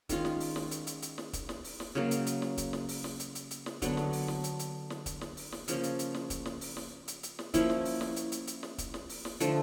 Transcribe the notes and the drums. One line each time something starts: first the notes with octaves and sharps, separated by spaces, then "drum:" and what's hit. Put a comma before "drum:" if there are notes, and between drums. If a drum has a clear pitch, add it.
D#3 G#3 C#4 F4, drum: kick, hi-hat
drum: snare
drum: open hi-hat
drum: snare
drum: hi-hat
drum: hi-hat
drum: hi-hat
drum: snare
drum: kick, hi-hat
drum: snare
drum: open hi-hat
drum: snare
C#3 F#3 A#3
drum: hi-hat
drum: hi-hat
drum: snare
drum: kick, hi-hat
drum: snare
drum: open hi-hat
drum: snare
drum: hi-hat
drum: hi-hat
drum: hi-hat
drum: snare
D3 F#3 B3 D4, drum: kick, hi-hat
drum: snare
drum: open hi-hat
drum: snare
drum: hi-hat
drum: hi-hat
drum: snare
drum: kick, hi-hat
drum: snare
drum: open hi-hat
drum: snare
C#3 F3 A#3 C#4, drum: hi-hat
drum: hi-hat
drum: hi-hat
drum: snare
drum: kick, hi-hat
drum: snare
drum: open hi-hat
drum: snare
drum: hi-hat
drum: hi-hat
drum: snare
F3 A#3 C#4 E4, drum: kick, hi-hat
drum: snare
drum: open hi-hat
drum: snare
drum: hi-hat
drum: hi-hat
drum: hi-hat
drum: snare
drum: kick, hi-hat
drum: snare
drum: open hi-hat
drum: snare
D3 F3 A3 D4, drum: hi-hat